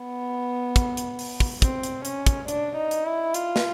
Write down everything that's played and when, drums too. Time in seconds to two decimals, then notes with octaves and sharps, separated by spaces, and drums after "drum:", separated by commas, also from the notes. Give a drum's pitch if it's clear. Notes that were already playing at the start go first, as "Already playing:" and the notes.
Already playing: B3
0.76 drum: kick, hi-hat
0.97 drum: hi-hat
1.19 drum: open hi-hat
1.40 drum: kick, open hi-hat
1.62 C4, drum: kick, hi-hat
1.83 drum: hi-hat
2.05 C#4, drum: hi-hat
2.27 drum: kick, hi-hat
2.48 D4, drum: hi-hat
2.76 D#4
2.91 drum: hi-hat
3.05 E4
3.34 F4, drum: hi-hat
3.56 drum: snare